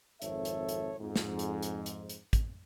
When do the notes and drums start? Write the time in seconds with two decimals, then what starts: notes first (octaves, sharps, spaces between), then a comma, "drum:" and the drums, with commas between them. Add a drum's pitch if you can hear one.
0.22 G#1 F2 A4 C#5 E5, drum: hi-hat
0.45 drum: hi-hat
0.69 drum: hi-hat
1.00 F2 G#2
1.16 drum: snare
1.39 drum: hi-hat
1.63 drum: hi-hat
1.86 drum: hi-hat
2.09 drum: hi-hat
2.33 drum: kick, hi-hat